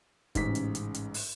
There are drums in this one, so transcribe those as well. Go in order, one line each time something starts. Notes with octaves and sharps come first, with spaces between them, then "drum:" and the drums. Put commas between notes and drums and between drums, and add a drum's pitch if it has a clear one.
A1 G#2 C#3 B6, drum: kick F#1, hi-hat
drum: hi-hat
drum: hi-hat
drum: hi-hat
drum: open hi-hat